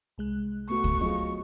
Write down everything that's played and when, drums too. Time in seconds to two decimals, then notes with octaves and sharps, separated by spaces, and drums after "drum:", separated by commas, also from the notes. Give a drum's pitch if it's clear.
0.18 C2 G#3 F#6
0.70 A3 B3 F#4 C#6
0.84 drum: kick C#2
1.01 F#3 C4 F4 G#4 D#5